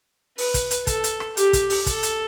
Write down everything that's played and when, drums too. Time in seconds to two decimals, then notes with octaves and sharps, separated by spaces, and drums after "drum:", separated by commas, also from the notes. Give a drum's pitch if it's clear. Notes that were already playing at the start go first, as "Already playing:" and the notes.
0.38 B4, drum: open hi-hat
0.54 drum: kick, hi-hat
0.71 drum: hi-hat
0.87 A4, drum: kick, hi-hat
1.04 drum: hi-hat
1.20 drum: rim click
1.37 G4, drum: hi-hat
1.53 drum: kick, hi-hat
1.70 drum: open hi-hat
1.86 A4, drum: kick, hi-hat
2.03 drum: hi-hat